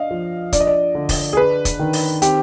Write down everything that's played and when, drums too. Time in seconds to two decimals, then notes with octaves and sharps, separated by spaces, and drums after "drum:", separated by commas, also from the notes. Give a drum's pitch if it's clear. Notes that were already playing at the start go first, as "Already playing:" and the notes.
Already playing: D4 D#5 F5
0.11 F3
0.53 D4 D5, drum: kick, hi-hat
0.60 D#5
0.67 D5
0.95 D3
1.09 drum: kick, open hi-hat
1.33 G#4
1.37 D4 B4
1.65 drum: kick, hi-hat
1.80 D#3
1.93 drum: open hi-hat
2.22 C4 G4, drum: hi-hat